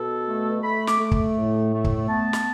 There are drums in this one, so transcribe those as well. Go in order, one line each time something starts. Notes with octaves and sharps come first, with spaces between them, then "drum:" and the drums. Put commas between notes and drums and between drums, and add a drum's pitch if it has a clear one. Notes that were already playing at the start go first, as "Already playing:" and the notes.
Already playing: B2 A4
A3
A3 B5
D6, drum: snare
A3
drum: kick
A2
A3
drum: kick
B3 A5
drum: snare